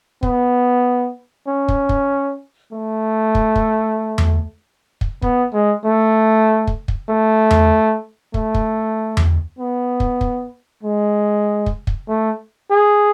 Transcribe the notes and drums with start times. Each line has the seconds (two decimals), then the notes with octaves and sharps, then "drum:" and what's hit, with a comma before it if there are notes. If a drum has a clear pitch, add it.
0.23 B3, drum: kick
1.47 C#4
1.68 drum: kick
1.89 drum: kick
2.72 A3
3.35 drum: kick
3.56 drum: kick
4.18 drum: tom E2
5.01 drum: kick
5.22 B3, drum: kick
5.53 G#3
5.85 A3
6.67 drum: kick
6.88 drum: kick
7.09 A3
7.51 drum: tom E2
8.34 A3, drum: kick
8.55 drum: kick
9.17 drum: tom E2
9.59 B3
10.00 drum: kick
10.21 drum: kick
10.83 G#3
11.66 drum: kick
11.87 drum: kick
12.08 A3
12.70 G#4